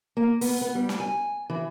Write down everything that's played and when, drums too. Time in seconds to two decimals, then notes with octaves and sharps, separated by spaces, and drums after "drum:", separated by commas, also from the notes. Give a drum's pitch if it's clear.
0.17 A#3
0.41 B3, drum: open hi-hat
0.62 B3
0.75 G3
0.89 drum: snare
1.00 G#5
1.50 E3